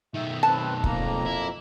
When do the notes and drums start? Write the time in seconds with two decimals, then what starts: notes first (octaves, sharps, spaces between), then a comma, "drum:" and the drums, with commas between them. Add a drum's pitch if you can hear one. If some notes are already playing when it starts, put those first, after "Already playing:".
0.15 B1 D#3 E5
0.43 C4 B4 A5
0.84 F2 A#3 A#5, drum: kick
1.26 E4